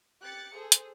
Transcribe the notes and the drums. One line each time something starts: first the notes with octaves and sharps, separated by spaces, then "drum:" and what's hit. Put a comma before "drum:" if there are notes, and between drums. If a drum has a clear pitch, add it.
G4 F#6 A6 C#7
G#4 A4 C5
drum: hi-hat